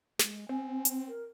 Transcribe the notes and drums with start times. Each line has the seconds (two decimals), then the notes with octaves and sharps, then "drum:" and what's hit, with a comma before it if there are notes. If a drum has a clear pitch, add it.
0.19 G#3, drum: snare
0.49 C4 G#5
0.85 drum: hi-hat
1.08 A#4